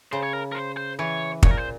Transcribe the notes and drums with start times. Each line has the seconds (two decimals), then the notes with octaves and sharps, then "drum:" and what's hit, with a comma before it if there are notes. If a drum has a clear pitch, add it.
0.12 C#3 C5
0.23 C#5
0.33 A#4
0.52 A#4
0.55 C5
0.77 C5
0.99 E3 C#5
1.43 A#2 C#5, drum: kick
1.51 A#4
1.57 C5